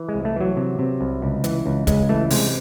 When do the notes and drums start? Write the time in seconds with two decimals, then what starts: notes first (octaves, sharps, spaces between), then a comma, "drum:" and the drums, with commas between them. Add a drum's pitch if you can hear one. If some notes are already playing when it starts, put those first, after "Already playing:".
Already playing: E3
0.09 G#3
0.14 C2
0.25 A3
0.36 E3 F#3
0.57 C3
0.79 C3
1.01 C2
1.22 C#2
1.44 E3, drum: hi-hat
1.66 C#2
1.87 C#2 G#3, drum: kick, hi-hat
2.09 E3 A3
2.30 C3 G#3, drum: open hi-hat